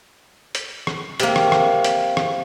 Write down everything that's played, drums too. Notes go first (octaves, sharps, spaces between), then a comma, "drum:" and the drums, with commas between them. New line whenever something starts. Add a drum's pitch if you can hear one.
drum: hi-hat
drum: rim click
C3 A#3, drum: hi-hat
drum: rim click
drum: rim click
drum: hi-hat
drum: rim click